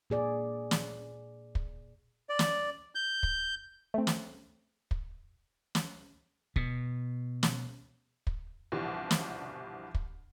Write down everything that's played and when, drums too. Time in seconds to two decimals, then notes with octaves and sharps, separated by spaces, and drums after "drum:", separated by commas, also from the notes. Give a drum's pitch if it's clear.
0.10 A#2 G#4 D5
0.71 drum: snare
1.55 drum: kick
2.29 D5
2.39 drum: snare
2.95 G6
3.23 drum: kick
3.94 A3 C4
4.07 drum: snare
4.91 drum: kick
5.75 drum: snare
6.56 B2, drum: kick
7.43 drum: snare
8.27 drum: kick
8.72 G1 C2 B2 E3 F3 G3
9.11 drum: snare
9.95 drum: kick